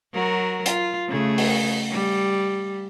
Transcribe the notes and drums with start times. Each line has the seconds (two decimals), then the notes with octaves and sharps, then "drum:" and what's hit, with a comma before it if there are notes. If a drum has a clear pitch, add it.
0.13 F#3 F#4 A#4
0.66 F4, drum: hi-hat
1.08 C#3 A3 G#4
1.38 drum: open hi-hat
1.91 G3